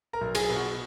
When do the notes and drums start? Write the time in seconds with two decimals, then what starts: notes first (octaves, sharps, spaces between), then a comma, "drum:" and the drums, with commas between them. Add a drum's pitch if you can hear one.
0.13 A#4 A#5
0.21 B1
0.35 G#4 G#5, drum: cymbal
0.50 B2
0.56 F#4 F#5